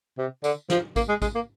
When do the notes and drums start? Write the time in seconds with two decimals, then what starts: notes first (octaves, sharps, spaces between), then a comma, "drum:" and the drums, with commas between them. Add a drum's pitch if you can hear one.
0.18 C3
0.44 D3, drum: tambourine
0.70 F3, drum: snare
0.96 A#3, drum: kick A1, tambourine
1.09 G#3
1.22 G#3, drum: kick A1, tambourine
1.35 A#3